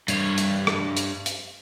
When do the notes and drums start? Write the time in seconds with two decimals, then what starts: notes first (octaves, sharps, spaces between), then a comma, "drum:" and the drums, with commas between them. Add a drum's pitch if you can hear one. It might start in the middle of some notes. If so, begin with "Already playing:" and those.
0.08 G2 C#5, drum: hi-hat
0.38 drum: hi-hat
0.67 drum: rim click
0.97 drum: hi-hat
1.26 drum: hi-hat